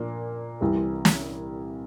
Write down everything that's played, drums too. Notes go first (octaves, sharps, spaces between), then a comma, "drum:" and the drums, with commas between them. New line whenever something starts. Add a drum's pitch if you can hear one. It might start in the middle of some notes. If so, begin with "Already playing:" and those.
Already playing: A#2 F3 A#3 D4
C2 C3 E3 G3
drum: snare